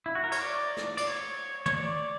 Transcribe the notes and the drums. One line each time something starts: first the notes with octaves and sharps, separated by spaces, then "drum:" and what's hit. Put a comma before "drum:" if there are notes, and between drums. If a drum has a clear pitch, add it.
E4
F#4
A#4
C#5, drum: cymbal
D5
drum: snare
D5, drum: cymbal
C#5
C#5, drum: tom
D5